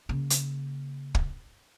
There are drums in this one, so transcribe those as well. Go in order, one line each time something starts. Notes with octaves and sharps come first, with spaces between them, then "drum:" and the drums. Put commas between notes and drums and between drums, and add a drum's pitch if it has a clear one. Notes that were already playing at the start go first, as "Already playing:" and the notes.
C#3 A#3
drum: hi-hat
drum: kick